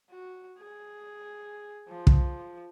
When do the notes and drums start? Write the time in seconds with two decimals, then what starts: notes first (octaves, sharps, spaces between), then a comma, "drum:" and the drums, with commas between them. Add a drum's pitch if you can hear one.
0.10 F#4
0.59 G#4
1.89 F3
2.07 drum: kick